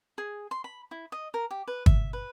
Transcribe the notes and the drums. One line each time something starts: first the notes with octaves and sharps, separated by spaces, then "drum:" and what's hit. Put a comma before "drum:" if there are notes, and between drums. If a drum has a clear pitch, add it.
G#4
C6
B5
E4
D#5
A#4
G4
B4
E5, drum: kick
B4